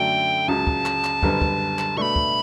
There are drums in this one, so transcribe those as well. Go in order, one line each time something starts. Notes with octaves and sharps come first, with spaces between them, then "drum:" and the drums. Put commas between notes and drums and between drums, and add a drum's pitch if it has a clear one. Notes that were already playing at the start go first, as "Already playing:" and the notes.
Already playing: F#2 D3 F#3 A3 D4 G5
C#2 C#3 F#3 A5
drum: kick
drum: clap
drum: clap
F#1 F#2 D3 G3 B3, drum: kick
drum: kick
drum: clap
B2 A3 D4 B5 C#6
drum: kick